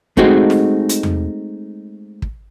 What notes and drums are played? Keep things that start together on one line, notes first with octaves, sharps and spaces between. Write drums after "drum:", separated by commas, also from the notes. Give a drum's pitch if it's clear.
G#3 A3 C4 D#4 F#4 G#4, drum: kick
drum: snare
drum: hi-hat
drum: tom E2
drum: kick